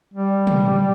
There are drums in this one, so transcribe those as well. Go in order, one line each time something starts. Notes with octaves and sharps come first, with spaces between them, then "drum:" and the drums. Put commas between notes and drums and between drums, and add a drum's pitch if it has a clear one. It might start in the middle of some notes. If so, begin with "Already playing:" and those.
G3
drum: tom